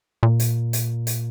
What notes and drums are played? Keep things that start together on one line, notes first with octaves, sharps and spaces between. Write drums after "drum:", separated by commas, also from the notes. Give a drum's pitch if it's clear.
A#2
drum: hi-hat
drum: hi-hat
drum: hi-hat